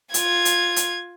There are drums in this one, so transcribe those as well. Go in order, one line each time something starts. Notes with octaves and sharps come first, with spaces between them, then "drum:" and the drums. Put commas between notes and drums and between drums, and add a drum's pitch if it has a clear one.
F4 G#6, drum: hi-hat
drum: hi-hat
drum: hi-hat